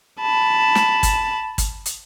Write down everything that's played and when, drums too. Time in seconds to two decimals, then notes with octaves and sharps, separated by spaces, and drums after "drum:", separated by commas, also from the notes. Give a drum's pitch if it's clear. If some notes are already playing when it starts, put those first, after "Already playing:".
0.20 A5 B5
0.75 drum: snare
1.03 drum: kick, hi-hat
1.58 drum: kick, hi-hat
1.86 drum: hi-hat